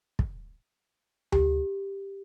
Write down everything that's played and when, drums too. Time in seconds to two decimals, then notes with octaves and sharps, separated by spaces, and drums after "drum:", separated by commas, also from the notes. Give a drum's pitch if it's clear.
0.19 drum: kick
1.32 G4, drum: tom D2